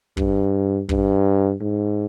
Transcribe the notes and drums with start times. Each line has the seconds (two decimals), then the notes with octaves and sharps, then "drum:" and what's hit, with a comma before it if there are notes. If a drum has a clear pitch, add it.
0.17 G2, drum: kick
0.89 G2, drum: kick
1.61 G#2